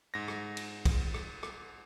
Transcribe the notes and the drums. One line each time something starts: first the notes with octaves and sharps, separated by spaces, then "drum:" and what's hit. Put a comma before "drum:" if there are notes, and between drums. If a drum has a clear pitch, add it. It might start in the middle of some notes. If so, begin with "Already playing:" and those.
G#2 A#6
drum: rim click
drum: cymbal
drum: kick, cymbal
drum: rim click
drum: rim click